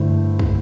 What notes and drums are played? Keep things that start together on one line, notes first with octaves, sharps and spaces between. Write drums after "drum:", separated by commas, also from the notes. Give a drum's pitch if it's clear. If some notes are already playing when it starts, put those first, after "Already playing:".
Already playing: G2 D3 A3 E4 C5
drum: kick